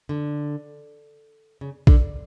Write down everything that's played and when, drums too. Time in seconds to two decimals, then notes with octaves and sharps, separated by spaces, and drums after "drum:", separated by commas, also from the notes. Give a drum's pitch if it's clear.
0.09 D3
1.61 C#3
1.87 D3, drum: kick A#1